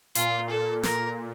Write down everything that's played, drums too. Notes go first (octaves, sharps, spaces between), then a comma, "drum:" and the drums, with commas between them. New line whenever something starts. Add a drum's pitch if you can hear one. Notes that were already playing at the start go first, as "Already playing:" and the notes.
A#2 F4, drum: hi-hat
A4
A#2 A#4, drum: snare